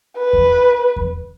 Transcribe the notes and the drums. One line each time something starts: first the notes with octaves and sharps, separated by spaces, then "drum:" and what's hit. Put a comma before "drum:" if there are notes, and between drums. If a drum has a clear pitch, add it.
B4
drum: kick E2
drum: kick E2